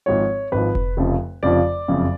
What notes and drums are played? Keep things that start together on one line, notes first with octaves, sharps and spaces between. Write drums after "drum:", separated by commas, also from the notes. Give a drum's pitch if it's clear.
G#1 G#2 F3 C#5
G#1 G#2 F3 B4
drum: kick F1
F1 F2 C#3 F3
F1 F2 C#3 F3 D5
F#1 F2 C#3 F3